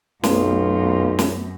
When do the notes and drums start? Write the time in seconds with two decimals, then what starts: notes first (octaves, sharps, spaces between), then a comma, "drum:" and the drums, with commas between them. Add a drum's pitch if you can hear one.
0.24 B1 F#2 A3 B3 C4 F4, drum: snare
1.19 drum: snare